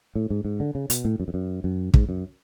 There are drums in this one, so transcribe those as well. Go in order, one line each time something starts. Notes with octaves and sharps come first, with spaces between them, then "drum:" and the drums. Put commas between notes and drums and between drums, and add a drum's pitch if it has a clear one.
A2
G#2
G#2
D3
C#3
B2, drum: hi-hat
A2
F#2
F2
F#2
F#2
G#2, drum: kick
F#2